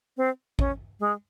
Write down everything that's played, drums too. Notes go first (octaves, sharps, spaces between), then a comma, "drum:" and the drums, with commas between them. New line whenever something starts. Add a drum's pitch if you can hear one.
C4
C#4, drum: kick A1
G#3